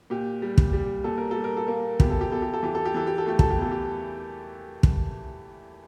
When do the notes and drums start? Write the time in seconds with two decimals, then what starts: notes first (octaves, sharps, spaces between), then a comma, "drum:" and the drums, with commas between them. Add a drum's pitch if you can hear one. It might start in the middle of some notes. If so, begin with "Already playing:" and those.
0.10 A#2 G4
0.42 G3
0.58 drum: kick
0.73 G3
1.04 A#2 A4
1.18 A#4
1.31 G3 A4
1.44 A#4
1.57 A4
1.68 A#3
2.00 E2 G4, drum: kick
2.10 A4
2.21 G4
2.30 E2 A4
2.42 G4
2.54 A4
2.63 E3 G4
2.75 A4
2.85 G4
2.94 E3 A4
3.07 G4
3.18 A4
3.26 A3 G4
3.39 A4, drum: kick
3.50 G4
3.57 E2 A4
3.71 G4
4.83 drum: kick